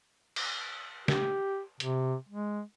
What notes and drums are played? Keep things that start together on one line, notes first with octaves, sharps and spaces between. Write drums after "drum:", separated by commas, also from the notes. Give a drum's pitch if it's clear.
drum: cymbal
G4, drum: snare
C3, drum: hi-hat
G#3